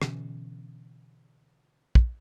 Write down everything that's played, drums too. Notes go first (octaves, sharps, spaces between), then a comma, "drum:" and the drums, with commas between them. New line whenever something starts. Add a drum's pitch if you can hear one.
B2 D3 E3 C#4, drum: rim click
drum: kick